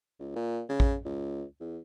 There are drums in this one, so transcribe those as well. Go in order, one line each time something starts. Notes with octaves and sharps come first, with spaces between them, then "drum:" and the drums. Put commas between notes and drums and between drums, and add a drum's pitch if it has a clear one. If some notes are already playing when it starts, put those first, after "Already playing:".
C#2
A#2
C#3
drum: kick A1
C#2
E2